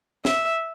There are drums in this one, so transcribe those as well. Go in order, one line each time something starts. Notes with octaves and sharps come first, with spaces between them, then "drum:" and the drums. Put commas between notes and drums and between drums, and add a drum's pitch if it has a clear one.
E5, drum: snare